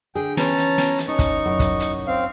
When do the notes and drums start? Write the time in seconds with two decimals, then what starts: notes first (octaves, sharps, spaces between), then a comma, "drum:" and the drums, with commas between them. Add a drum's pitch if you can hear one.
0.15 D3 D4 G#4 G5
0.37 E3 C#4 B4 A5 A#5, drum: snare
0.58 drum: hi-hat
0.78 drum: snare
0.98 drum: hi-hat
1.08 C#4 D#4 A4 C#6
1.19 drum: kick, hi-hat
1.46 F#2 E4 F#5
1.59 drum: kick, hi-hat
1.80 drum: hi-hat
2.07 C4 F5